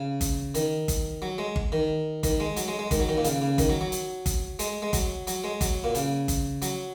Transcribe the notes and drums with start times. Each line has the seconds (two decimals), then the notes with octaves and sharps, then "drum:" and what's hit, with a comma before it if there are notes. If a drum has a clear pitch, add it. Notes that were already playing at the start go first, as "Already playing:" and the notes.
Already playing: C#3
0.21 drum: kick G1, hi-hat
0.55 D#3, drum: hi-hat
0.88 drum: kick G1, hi-hat
1.22 F#3
1.38 G#3
1.56 drum: kick G1
1.72 D#3
2.23 D#3, drum: kick G1, hi-hat
2.40 G#3
2.57 F#3, drum: hi-hat
2.68 G#3
2.79 G#3
2.91 D#3, drum: kick G1, hi-hat
3.00 F#3
3.09 D#3
3.17 A#2
3.24 C#3, drum: hi-hat
3.42 C#3
3.58 D#3, drum: kick G1, hi-hat
3.69 F#3
3.81 F#3
3.92 drum: hi-hat
4.26 drum: kick G1, hi-hat
4.59 G#3, drum: hi-hat
4.82 G#3
4.93 F#3, drum: kick G1, hi-hat
5.27 F#3, drum: hi-hat
5.44 G#3
5.61 F#3, drum: kick G1, hi-hat
5.84 A#2
5.95 C#3, drum: hi-hat
6.28 drum: kick G1, hi-hat
6.62 F#3, drum: hi-hat